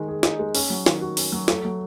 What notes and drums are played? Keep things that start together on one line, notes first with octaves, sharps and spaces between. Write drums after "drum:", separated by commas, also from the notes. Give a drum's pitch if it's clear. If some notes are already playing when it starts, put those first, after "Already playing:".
Already playing: D#3 G#3 D#4
G#4
D#4, drum: snare
G#3
C#4, drum: open hi-hat
F#3
D#3, drum: snare
F#4
C#4, drum: open hi-hat
F#3
A3, drum: snare
F#3